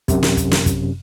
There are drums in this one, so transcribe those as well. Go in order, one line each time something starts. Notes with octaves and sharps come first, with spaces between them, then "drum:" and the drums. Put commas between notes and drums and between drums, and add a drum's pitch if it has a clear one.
F#2 C3, drum: kick, hi-hat
drum: snare
drum: kick, hi-hat
drum: snare
drum: kick, hi-hat